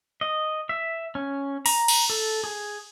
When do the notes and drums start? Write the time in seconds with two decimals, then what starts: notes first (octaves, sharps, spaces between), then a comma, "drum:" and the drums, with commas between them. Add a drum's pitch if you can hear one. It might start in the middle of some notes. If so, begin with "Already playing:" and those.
0.21 D#5
0.69 E5
1.15 C#4
1.66 A#5, drum: open hi-hat
1.88 drum: cymbal
2.10 A4
2.44 G#4